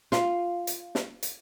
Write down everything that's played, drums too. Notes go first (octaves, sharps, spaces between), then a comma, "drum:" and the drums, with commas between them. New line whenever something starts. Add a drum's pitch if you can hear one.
F4, drum: snare
drum: hi-hat
drum: snare
drum: hi-hat